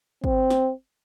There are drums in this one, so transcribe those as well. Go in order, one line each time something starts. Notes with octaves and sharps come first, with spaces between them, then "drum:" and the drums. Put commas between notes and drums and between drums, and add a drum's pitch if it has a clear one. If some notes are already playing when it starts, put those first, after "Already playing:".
C4, drum: kick
drum: snare